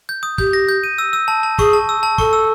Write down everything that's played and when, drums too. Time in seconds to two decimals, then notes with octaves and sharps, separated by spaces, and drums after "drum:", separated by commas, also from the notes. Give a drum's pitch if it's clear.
0.09 G6
0.23 D#6
0.38 G4 G6, drum: kick
0.53 A#6
0.69 G6
0.84 D#7
0.98 E6
1.13 E6
1.28 A5
1.43 A5
1.59 G#4 C#6, drum: kick
1.73 A5
1.89 E6
2.03 A5
2.18 A4 C#6, drum: kick
2.33 E6